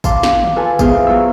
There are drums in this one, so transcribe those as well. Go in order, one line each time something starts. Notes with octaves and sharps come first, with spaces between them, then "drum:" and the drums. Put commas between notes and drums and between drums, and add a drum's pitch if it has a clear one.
F5 A5 C6 D6, drum: kick G#1, tambourine
drum: snare
drum: tom
F4 A4 B4 G#5 A5
E2 B3 E4 G#4 C5 F5, drum: kick G#1, tambourine
F#3 F4 A4 E6